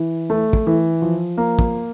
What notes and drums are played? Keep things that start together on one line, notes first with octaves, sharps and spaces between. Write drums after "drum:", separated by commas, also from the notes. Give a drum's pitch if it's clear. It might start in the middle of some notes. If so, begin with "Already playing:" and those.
Already playing: E3
A3
drum: kick
E3
F3
A#3
drum: kick